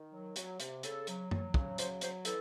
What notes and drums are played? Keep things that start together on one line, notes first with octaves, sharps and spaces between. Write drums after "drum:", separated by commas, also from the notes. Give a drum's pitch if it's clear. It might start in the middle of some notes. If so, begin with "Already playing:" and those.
Already playing: D#3
F#3
F#3, drum: hi-hat
C3, drum: hi-hat
C#3 A4, drum: hi-hat
F#3, drum: hi-hat
F#3, drum: tom F#2
C#3, drum: kick
F#3 C5, drum: hi-hat
F#3 C5, drum: hi-hat
E3 A4, drum: hi-hat